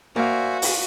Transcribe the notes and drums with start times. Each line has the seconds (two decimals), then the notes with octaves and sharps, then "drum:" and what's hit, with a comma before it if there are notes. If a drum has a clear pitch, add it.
0.16 A#3 F#4 C5 D5 E5 F5 G#5
0.62 drum: open hi-hat